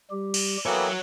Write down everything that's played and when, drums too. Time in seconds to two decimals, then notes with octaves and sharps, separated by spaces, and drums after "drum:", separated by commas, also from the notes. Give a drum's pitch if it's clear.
0.11 G3 G4
0.34 drum: cymbal
0.66 E3 A#3 B3 F#4 A4 C#5 F#5 G5